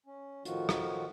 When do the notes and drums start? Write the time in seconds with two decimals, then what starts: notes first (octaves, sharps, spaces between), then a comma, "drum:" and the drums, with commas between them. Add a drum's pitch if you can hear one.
0.06 C#4
0.45 A2 D#3 F3 F4 F#4, drum: hi-hat
0.69 drum: rim click